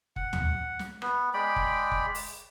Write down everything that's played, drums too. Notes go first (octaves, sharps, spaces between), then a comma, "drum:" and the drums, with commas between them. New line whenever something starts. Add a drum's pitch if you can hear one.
F#5, drum: kick
drum: tom
drum: snare
B3, drum: rim click
G#3 D5 G5 B5
drum: kick
drum: kick
drum: open hi-hat